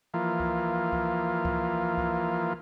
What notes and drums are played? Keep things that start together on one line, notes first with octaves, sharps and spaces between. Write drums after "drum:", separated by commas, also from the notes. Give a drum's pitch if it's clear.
E3 F3 A#3 F4
drum: kick C#2
drum: kick C#2
drum: kick C#2
drum: kick C#2